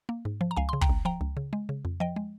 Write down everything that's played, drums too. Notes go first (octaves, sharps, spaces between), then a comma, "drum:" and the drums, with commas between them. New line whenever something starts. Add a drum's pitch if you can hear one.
A#3
G#2
F3
A#5
C#2 F5 G#5
C#3 C6
G5 A#5, drum: kick
C#2
F3 G5 A#5
C#2
C#3
G#3
C#3
F2
F3 D#5 G5
G#3